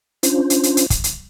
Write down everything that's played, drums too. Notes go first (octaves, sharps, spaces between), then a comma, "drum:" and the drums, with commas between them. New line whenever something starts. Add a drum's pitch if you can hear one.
C#4 D4 F4 C5, drum: hi-hat
drum: hi-hat
drum: hi-hat
drum: hi-hat
drum: kick, hi-hat
drum: hi-hat